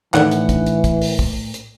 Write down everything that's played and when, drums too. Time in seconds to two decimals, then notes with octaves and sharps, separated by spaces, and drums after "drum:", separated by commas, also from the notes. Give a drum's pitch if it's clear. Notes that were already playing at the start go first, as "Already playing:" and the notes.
0.14 A2 D#3 E3 A3 D4 F#5, drum: clap
0.31 drum: hi-hat
0.49 drum: kick, hi-hat
0.66 drum: hi-hat
0.84 drum: kick, hi-hat
1.01 drum: open hi-hat
1.19 drum: kick
1.54 drum: hi-hat